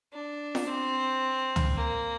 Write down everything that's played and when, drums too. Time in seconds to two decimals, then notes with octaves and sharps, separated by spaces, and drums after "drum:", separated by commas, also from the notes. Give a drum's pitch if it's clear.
0.13 D4
0.55 drum: snare
0.67 C4
1.56 drum: tom
1.76 A#3